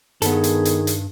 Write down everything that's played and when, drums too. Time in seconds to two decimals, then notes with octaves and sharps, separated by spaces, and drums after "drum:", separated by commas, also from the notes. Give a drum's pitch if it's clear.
0.22 G2 D#3 B3 G#4 A4, drum: hi-hat
0.44 drum: hi-hat
0.65 drum: hi-hat
0.87 drum: hi-hat